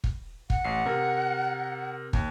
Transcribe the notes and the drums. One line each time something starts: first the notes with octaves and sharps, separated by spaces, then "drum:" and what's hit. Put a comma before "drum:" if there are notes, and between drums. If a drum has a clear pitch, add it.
drum: kick
F#5, drum: kick
A1 C7
C3 A#4
D#2, drum: kick